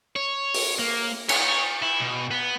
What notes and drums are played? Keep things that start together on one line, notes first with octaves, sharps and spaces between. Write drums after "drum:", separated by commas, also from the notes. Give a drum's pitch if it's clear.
C#5
drum: open hi-hat
A#3
C#5, drum: cymbal
E4
B2
B3